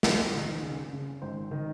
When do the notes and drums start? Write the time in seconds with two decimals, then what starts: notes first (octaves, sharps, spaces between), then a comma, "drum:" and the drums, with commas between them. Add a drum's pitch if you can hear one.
0.03 A#1 C5, drum: snare
0.33 D#3
0.63 C#3
0.93 C#3
1.22 G#1 C5
1.51 D#3 D#5